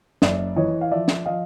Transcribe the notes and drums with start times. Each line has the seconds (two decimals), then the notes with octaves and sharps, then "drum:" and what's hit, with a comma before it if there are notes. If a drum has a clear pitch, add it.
0.22 F#1 D5 E5, drum: snare
0.56 E3 C#5 D#5
0.81 F5
0.91 F3 D5 E5
1.08 drum: snare
1.26 F3 D#5 F5